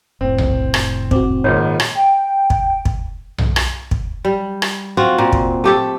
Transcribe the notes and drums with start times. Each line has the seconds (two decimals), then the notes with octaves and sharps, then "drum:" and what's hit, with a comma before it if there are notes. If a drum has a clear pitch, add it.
0.21 F1 A2 C4
0.38 drum: tom B1
0.74 drum: rim click
1.11 C4 F#4 D6, drum: kick
1.44 G#1 A#2 G#3 C#5
1.80 drum: rim click
1.94 G5
2.50 drum: kick
2.85 drum: kick
3.38 drum: tom B1
3.56 drum: rim click
3.91 drum: kick
4.25 G3
4.62 drum: rim click
4.97 C4 F4 F#4
5.18 A#2 C4
5.33 drum: kick
5.64 A3 G4 A4